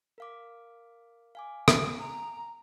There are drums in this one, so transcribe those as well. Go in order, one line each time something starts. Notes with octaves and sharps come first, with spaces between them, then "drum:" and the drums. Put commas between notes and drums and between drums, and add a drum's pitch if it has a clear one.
A#4 F5 D6
F5 G#5 D6
drum: rim click
A#5